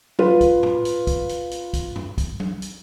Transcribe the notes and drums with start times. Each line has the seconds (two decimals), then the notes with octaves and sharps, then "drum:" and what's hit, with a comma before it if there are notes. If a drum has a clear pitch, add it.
0.19 F4 B4, drum: tom F#3
0.41 drum: kick, hi-hat
0.63 drum: tom A2
0.85 drum: hi-hat
1.07 drum: kick, hi-hat
1.29 drum: hi-hat
1.51 drum: hi-hat
1.74 drum: kick, hi-hat
1.96 drum: tom
2.18 drum: kick, hi-hat
2.40 drum: tom F#3
2.62 drum: hi-hat